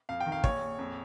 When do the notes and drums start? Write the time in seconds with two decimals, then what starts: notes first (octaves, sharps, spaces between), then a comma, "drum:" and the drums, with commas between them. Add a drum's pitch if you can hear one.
0.09 F2 F5
0.20 G5
0.26 D#3
0.32 F5
0.44 A#1 C#5, drum: kick
0.61 A#1
0.79 F2